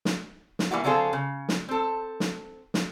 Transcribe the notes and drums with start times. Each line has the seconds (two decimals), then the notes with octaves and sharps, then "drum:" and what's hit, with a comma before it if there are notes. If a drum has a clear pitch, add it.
0.05 drum: snare
0.59 drum: snare
0.71 E3 G3 A#3 B3 E4 F#4
0.84 D3 F#3 C4 F4 G#4 A4
1.13 C#3
1.49 drum: snare
1.69 C4 A4
2.20 drum: snare
2.74 drum: snare